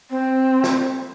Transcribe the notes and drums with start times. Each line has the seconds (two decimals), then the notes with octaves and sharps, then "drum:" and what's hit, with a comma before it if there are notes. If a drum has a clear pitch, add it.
0.10 C4
0.64 drum: snare